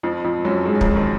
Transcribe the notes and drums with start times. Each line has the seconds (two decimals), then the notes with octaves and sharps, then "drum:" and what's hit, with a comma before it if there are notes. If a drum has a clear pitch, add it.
0.03 F2 F3
0.24 F2 F3
0.45 F#2 F#3
0.65 G#2 G#3
0.75 F#3
0.81 F2 F3, drum: kick
0.96 D#3